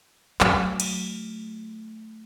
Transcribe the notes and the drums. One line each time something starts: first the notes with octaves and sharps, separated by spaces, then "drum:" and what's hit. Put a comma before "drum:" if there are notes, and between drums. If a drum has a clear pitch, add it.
F#3 A3, drum: clap
drum: cymbal